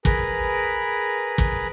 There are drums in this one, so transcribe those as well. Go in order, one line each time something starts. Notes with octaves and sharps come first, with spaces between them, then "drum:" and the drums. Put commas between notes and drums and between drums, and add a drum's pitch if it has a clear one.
G#4 A#4 B4, drum: kick
drum: kick